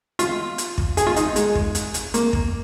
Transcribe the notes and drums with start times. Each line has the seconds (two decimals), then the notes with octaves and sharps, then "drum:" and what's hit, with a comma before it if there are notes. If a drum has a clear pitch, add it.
0.19 F4, drum: hi-hat
0.58 drum: hi-hat
0.78 drum: kick
0.97 G#4, drum: hi-hat
1.07 F4
1.16 D#4, drum: hi-hat
1.36 G#3, drum: hi-hat
1.55 drum: kick
1.75 drum: hi-hat
1.94 drum: hi-hat
2.14 A#3, drum: hi-hat
2.33 drum: kick